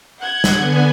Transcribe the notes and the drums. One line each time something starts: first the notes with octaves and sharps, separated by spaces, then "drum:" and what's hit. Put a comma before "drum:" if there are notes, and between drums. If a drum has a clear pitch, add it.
F#5 G6 G#6
drum: snare
D3 B3 G#5